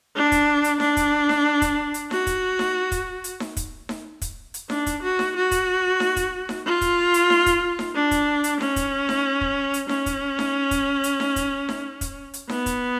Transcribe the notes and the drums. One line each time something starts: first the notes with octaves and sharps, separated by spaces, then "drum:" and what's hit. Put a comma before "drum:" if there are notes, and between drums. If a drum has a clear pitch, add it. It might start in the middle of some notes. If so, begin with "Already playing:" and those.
D4
drum: kick, hi-hat
drum: hi-hat
D4, drum: snare D#4
drum: kick, hi-hat
drum: snare D#4
drum: kick, hi-hat
drum: hi-hat
F#4, drum: snare D#4
drum: kick, hi-hat
drum: snare D#4
drum: kick, hi-hat
drum: hi-hat
drum: snare D#4
drum: kick, hi-hat
drum: snare D#4
drum: kick, hi-hat
drum: hi-hat
D4, drum: snare D#4
drum: kick, hi-hat
F#4
drum: snare D#4
F#4
drum: kick, hi-hat
drum: snare D#4
drum: kick, hi-hat
drum: snare D#4
F4
drum: kick, hi-hat
drum: hi-hat
drum: snare D#4
drum: kick, hi-hat
drum: snare D#4
D4
drum: kick, hi-hat
drum: hi-hat
C#4, drum: snare D#4
drum: kick, hi-hat
drum: snare D#4
drum: kick
drum: hi-hat
C#4, drum: snare D#4
drum: kick, hi-hat
drum: snare D#4
drum: kick, hi-hat
drum: hi-hat
drum: snare D#4
drum: kick, hi-hat
drum: snare D#4
drum: kick, hi-hat
drum: hi-hat
B3, drum: snare D#4
drum: kick, hi-hat